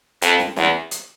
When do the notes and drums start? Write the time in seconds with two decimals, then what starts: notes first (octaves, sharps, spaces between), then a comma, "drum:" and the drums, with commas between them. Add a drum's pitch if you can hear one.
0.22 F2, drum: hi-hat
0.39 drum: snare
0.56 E2, drum: snare
0.91 drum: hi-hat